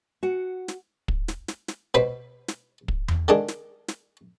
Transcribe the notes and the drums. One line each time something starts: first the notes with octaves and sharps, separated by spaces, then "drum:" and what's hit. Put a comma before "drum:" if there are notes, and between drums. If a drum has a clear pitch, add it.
F#4 F#5
drum: snare
drum: kick
drum: snare
drum: snare
drum: snare
B2 B4 C5 B5
drum: snare
drum: kick
drum: tom E2
D3 D#3 D4 G#4
drum: snare
drum: snare